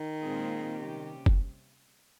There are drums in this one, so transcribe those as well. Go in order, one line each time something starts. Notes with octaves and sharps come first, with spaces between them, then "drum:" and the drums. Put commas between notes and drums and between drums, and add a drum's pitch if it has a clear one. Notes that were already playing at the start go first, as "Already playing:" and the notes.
Already playing: D#3
A#2 G#3 C4 F4 G#4
C3 G3 C#4 G4
drum: kick